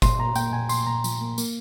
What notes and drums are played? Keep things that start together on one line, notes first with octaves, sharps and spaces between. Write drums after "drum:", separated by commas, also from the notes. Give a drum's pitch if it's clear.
A#2 C6, drum: kick G1, tambourine
A#2 A#5
A#3 G5, drum: tambourine
A#2 G#5
A#2 C6, drum: tambourine
A#2 A#5
F3, drum: tambourine
A#3
A#3, drum: tambourine